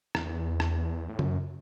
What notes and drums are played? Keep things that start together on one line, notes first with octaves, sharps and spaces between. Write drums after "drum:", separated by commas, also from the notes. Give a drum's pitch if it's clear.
E2, drum: rim click
drum: rim click
A2
F#2, drum: tom C#3